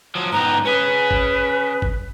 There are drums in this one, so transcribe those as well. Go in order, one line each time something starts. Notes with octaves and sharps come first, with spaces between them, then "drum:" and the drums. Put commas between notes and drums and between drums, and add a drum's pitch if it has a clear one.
F3 F#3
G#2 B3 G4 A#5
C#4 G#4 B4
drum: kick G#1
drum: kick G#1